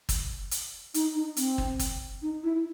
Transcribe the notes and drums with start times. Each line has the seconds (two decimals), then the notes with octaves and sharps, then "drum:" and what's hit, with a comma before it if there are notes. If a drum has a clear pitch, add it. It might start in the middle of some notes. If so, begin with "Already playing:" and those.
0.09 drum: kick, hi-hat
0.51 drum: hi-hat
0.94 D#4, drum: hi-hat
1.15 D#4
1.37 C4, drum: hi-hat
1.58 drum: kick
1.79 drum: kick, hi-hat
2.22 D#4
2.44 E4